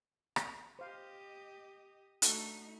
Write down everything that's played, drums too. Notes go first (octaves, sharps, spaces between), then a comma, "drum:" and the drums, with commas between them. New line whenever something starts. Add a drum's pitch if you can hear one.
drum: rim click
G4 C5 D#5 F5
A3 D4 D#4 F#4 A4, drum: hi-hat